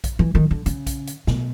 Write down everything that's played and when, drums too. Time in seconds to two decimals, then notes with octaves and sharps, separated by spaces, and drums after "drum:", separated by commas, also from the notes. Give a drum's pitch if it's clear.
0.04 drum: kick A#1, hi-hat
0.19 E3
0.35 D#3
0.51 D3
0.66 C#3, drum: hi-hat
0.87 drum: kick A#1, hi-hat
1.07 drum: hi-hat
1.27 B2, drum: snare